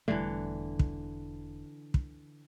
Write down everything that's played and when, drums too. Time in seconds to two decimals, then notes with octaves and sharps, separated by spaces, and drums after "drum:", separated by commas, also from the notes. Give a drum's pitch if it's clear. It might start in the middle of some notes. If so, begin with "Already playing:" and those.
0.08 E1 D3 E3 G3 A3
0.79 drum: kick
1.94 drum: kick